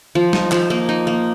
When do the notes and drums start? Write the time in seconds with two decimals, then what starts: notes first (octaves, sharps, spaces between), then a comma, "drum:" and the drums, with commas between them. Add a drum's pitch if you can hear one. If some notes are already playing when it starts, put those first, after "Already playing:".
0.15 F3
0.33 D#4, drum: snare
0.52 F3, drum: clap
0.70 A#3
0.89 D#4
1.07 A#3